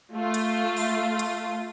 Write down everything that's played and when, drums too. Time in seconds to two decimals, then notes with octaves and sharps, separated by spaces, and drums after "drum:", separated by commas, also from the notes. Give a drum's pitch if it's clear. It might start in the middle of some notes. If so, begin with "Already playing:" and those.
0.13 A3 F4
0.34 drum: hi-hat
0.77 drum: open hi-hat
1.19 drum: hi-hat